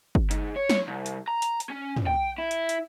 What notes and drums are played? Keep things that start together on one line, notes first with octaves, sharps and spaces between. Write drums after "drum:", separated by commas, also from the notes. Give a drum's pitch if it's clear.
drum: kick G1
G#2, drum: hi-hat
C#5
drum: snare
C2
drum: hi-hat
A#5
drum: hi-hat
drum: hi-hat
C#4
drum: tom
G5
E4
drum: hi-hat
drum: hi-hat